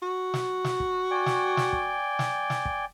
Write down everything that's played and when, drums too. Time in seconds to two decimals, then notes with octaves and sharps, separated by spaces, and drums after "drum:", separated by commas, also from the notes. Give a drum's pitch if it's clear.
0.02 F#4
0.34 drum: snare
0.65 drum: snare
0.80 drum: kick
1.11 D5 G5 G#5
1.26 drum: snare
1.57 drum: snare
1.73 drum: kick
2.19 drum: snare
2.50 drum: snare
2.65 drum: kick